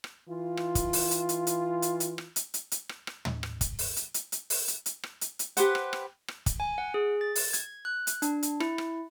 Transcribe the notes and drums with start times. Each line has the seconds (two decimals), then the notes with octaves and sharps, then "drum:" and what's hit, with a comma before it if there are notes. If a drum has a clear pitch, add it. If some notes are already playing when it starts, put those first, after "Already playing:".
0.04 drum: rim click
0.28 E3 F4
0.57 drum: rim click
0.75 drum: kick, hi-hat
0.93 drum: open hi-hat
1.11 drum: hi-hat
1.29 drum: hi-hat
1.47 drum: hi-hat
1.82 drum: hi-hat
2.00 drum: hi-hat
2.18 drum: rim click
2.36 drum: hi-hat
2.54 drum: hi-hat
2.72 drum: hi-hat
2.89 drum: rim click
3.07 drum: rim click
3.25 drum: tom
3.43 drum: rim click
3.61 drum: kick, hi-hat
3.79 drum: open hi-hat
3.96 drum: hi-hat
4.14 drum: hi-hat
4.32 drum: hi-hat
4.50 drum: open hi-hat
4.68 drum: hi-hat
4.86 drum: hi-hat
5.03 drum: rim click
5.21 drum: hi-hat
5.39 drum: hi-hat
5.57 G4 B4 C5 F#5, drum: hi-hat
5.75 drum: rim click
5.93 drum: rim click
6.28 drum: rim click
6.46 drum: kick, hi-hat
6.60 G#5
6.78 F#5
6.94 G#4
7.21 A6
7.35 drum: open hi-hat
7.53 G#6, drum: hi-hat
7.85 F#6
8.07 drum: hi-hat
8.22 D4, drum: hi-hat
8.43 drum: hi-hat
8.60 E4, drum: rim click
8.78 drum: rim click